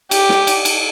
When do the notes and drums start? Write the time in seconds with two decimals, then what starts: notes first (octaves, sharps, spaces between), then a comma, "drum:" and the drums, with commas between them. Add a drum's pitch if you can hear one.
0.11 G4, drum: cymbal
0.29 drum: snare
0.47 drum: cymbal
0.65 drum: cymbal